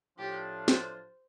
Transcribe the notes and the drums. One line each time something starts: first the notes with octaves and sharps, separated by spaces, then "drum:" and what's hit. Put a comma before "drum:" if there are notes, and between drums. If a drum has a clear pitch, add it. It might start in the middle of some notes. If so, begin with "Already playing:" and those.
A2 F3 D4 F4 G4
C5, drum: snare